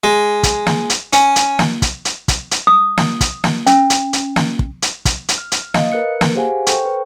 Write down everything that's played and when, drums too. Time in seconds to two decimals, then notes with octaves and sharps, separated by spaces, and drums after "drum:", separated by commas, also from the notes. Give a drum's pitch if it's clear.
0.04 G#3
0.43 drum: kick, hi-hat
0.66 drum: snare
0.90 drum: hi-hat
1.13 C#4, drum: hi-hat
1.36 drum: hi-hat
1.59 drum: snare
1.82 drum: kick, hi-hat
2.05 drum: hi-hat
2.28 drum: kick, hi-hat
2.51 drum: hi-hat
2.67 D#6
2.97 drum: snare
3.21 drum: kick, hi-hat
3.44 drum: snare
3.67 C#4, drum: hi-hat
3.90 drum: hi-hat
4.13 drum: hi-hat
4.36 drum: snare
4.59 drum: kick
4.82 drum: hi-hat
5.05 drum: kick, hi-hat
5.28 drum: hi-hat
5.38 F6
5.52 drum: hi-hat
5.74 D#5 F5 D#6, drum: snare
5.92 A#4 B4 F#6 C#7
6.21 drum: snare
6.35 G4 G#4 C5 F5 F#5 G#5
6.67 A4 C5 G5 C#6, drum: hi-hat
6.85 B4